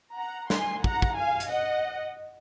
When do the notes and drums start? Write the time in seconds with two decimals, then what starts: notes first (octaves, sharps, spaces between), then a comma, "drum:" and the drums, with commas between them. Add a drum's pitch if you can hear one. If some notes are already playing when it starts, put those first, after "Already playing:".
0.17 F#5 A#5
0.50 G#5 C6, drum: snare
0.84 F#5 A#5, drum: kick
1.02 drum: kick
1.17 F5 G#5
1.40 drum: hi-hat
1.50 D#5 F#5